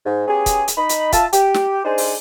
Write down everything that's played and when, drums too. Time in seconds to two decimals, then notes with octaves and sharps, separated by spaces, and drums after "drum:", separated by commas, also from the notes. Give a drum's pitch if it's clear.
0.06 G#2
0.28 B3 C#4 G4 G#4
0.46 drum: kick, hi-hat
0.68 drum: hi-hat
0.77 D#4 B5
0.89 drum: hi-hat
1.13 F4 E5 A5, drum: kick, hi-hat
1.33 G4, drum: hi-hat
1.54 drum: snare
1.85 D4 D#4 G#4 C5
1.98 drum: open hi-hat